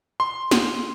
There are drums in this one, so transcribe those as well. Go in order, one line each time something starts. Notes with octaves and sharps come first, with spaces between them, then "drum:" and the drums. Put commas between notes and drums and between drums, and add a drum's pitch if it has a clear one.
C6
C6, drum: snare